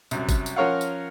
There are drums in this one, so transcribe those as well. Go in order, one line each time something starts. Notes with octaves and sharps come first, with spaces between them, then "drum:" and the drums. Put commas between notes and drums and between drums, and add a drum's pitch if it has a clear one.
C2 F#2, drum: tambourine
drum: kick G1, tambourine
drum: tambourine
F3 C#4 A#4 C#5 F5 F#5
drum: tambourine